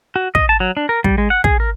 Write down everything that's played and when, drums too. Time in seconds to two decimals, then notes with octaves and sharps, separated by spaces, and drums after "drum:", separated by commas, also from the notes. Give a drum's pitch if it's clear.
0.16 F#4
0.35 D#5, drum: kick
0.49 A5
0.60 F#3
0.77 D4
0.89 A#4
1.04 G3, drum: kick
1.18 G#3
1.30 F#5
1.44 G#4, drum: kick
1.60 A#4